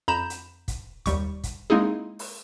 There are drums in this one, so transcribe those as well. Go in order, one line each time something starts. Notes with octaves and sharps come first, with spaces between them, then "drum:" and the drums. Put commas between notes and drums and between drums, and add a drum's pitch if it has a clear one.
F2 A#5 B5 G6 E7
drum: hi-hat
drum: kick, hi-hat
D#2 G3 C#6, drum: kick, hi-hat
drum: kick, hi-hat
G#3 A#3 C4 D#4 E4 G#4
drum: open hi-hat